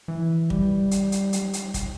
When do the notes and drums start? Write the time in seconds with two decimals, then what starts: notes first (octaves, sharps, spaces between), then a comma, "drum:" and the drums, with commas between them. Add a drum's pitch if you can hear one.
0.08 E3
0.50 G3, drum: kick
0.91 drum: hi-hat
1.12 drum: hi-hat
1.33 drum: hi-hat
1.53 drum: hi-hat
1.74 drum: kick, hi-hat